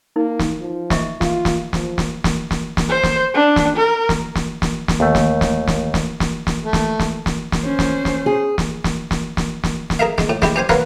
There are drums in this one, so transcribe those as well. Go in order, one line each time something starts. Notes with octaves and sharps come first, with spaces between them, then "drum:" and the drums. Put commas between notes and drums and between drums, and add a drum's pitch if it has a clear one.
A#3 D#4
drum: snare
F3
D#5 E5 C#6, drum: snare
F4, drum: snare
drum: snare
F3, drum: snare
drum: snare
drum: snare
drum: snare
drum: snare
C5
drum: snare
D4
drum: snare
A#4
drum: snare
drum: snare
drum: snare
drum: snare
D#2 A3
drum: snare
drum: snare
drum: snare
drum: snare
drum: snare
drum: snare
A3
drum: snare
drum: snare
drum: snare
drum: snare
C#4 C5
drum: snare
drum: snare
G#4
drum: snare
drum: snare
drum: snare
drum: snare
drum: snare
drum: snare
G#4 A#4 E5 F5
G#3, drum: snare
A2
G#3 E4 G4, drum: snare
C#4 G4 C5 G#5
A#4 B4 C#5 F5 F#5, drum: snare